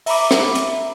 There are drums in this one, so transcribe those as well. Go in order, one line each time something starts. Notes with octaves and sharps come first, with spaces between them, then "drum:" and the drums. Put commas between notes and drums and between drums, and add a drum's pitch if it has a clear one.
E5 A#5 B5 D6, drum: open hi-hat
drum: rim click
drum: hi-hat